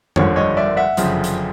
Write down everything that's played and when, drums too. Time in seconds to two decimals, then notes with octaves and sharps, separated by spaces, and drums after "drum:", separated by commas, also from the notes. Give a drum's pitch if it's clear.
0.16 G#1 G2 D3 F3 C#5, drum: tom
0.36 C#5 D#5
0.57 D5 E5
0.77 E5 F#5
0.97 G1 F#2 C#3 F3, drum: hi-hat
1.24 drum: hi-hat